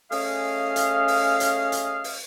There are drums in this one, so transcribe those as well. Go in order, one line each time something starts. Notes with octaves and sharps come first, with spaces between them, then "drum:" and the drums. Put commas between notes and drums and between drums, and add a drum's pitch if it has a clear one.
A3 C#4 G#4 D#5 F5, drum: open hi-hat
drum: hi-hat
drum: open hi-hat
drum: hi-hat
drum: hi-hat
drum: open hi-hat